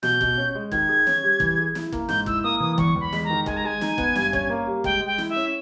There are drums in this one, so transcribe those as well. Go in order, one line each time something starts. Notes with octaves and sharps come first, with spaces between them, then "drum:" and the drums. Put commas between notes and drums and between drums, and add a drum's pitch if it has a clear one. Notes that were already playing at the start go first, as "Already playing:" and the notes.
B2 G6, drum: snare
B2, drum: kick
C#4
G#3
D#3 G#6, drum: kick
G#4
C#4, drum: snare
G3
E3, drum: kick
G#4
E4, drum: snare
A#3, drum: kick
G#2 G6, drum: snare
E4 E6, drum: kick
A#3 D#6
E3 D#6
E2 C#6, drum: kick
E2 B5
G#3, drum: snare
A#5
D#3
G#3 G#5, drum: kick
A#5
G#3 G#5
D#4, drum: snare
B3, drum: kick
G2, drum: snare
C#4, drum: kick
A#3
G3
G#3 G5, drum: kick
G#3
G5
E4, drum: snare
E5
C#4